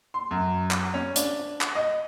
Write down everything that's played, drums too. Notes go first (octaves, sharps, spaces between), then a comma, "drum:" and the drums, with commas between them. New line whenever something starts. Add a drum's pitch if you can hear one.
C6
F#2
drum: clap
C#4
D4, drum: hi-hat
drum: clap
D#5